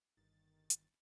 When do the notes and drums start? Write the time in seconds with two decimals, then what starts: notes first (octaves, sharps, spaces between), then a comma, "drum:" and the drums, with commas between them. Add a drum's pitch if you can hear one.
0.17 G1 D#3 A6
0.70 drum: hi-hat